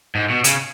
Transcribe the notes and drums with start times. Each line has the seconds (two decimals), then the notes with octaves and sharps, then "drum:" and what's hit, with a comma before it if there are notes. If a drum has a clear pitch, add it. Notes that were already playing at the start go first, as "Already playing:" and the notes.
0.15 G#2
0.29 B2
0.44 C#3, drum: hi-hat